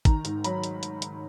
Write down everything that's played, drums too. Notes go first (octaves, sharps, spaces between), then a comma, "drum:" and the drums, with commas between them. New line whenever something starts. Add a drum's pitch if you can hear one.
D#3 A#5, drum: kick, hi-hat
G#2, drum: hi-hat
F#3 B5, drum: hi-hat
drum: hi-hat
drum: hi-hat
drum: hi-hat